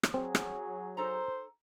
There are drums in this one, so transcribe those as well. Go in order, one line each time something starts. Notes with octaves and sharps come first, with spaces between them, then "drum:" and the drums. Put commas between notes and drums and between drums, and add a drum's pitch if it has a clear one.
drum: rim click
F#3 C4 G#4
drum: rim click
D#4 A4 C5 A#5